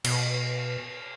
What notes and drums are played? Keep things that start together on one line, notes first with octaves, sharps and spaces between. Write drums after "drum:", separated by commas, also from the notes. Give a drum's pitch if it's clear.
B2, drum: cymbal